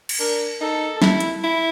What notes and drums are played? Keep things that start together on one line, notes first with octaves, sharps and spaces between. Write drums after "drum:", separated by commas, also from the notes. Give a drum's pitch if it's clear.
drum: cymbal
D4 A#4
D#4 A4
E4, drum: snare
drum: hi-hat
E4